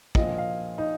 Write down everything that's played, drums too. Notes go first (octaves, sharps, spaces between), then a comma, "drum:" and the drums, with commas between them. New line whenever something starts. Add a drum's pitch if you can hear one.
A#1 A#2 F3 D#5, drum: kick
F5
D#4